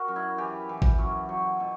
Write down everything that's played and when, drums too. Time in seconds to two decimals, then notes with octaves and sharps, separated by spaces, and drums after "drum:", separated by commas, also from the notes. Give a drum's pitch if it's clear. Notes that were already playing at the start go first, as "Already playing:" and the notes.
Already playing: F#4 A#4
0.08 F#2
0.16 E4
0.38 E3 G4
0.69 E3
0.82 drum: kick G#1
0.98 F#2
1.29 F#3
1.60 B2